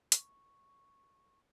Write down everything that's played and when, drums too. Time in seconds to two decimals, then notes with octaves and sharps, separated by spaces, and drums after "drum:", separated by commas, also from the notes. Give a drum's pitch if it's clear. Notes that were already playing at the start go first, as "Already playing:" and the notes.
0.12 C#6, drum: hi-hat